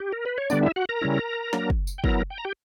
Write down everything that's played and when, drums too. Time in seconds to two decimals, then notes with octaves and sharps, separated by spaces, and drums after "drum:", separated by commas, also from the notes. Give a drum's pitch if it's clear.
0.00 G4
0.12 A#4
0.26 B4
0.38 C#5
0.50 D3 G3 B3 D4 D5, drum: tambourine
0.63 E4 E5
0.76 F#4 F#5
0.89 A#4 A#5
1.01 C#3 G3 C#4 E4
1.53 F#3 A#3 D4, drum: snare
1.70 drum: kick
1.87 drum: tambourine
1.98 G5
2.04 F#3 B3 E4 A#4 A#5, drum: kick
2.30 G5
2.38 A#5
2.45 G4 G5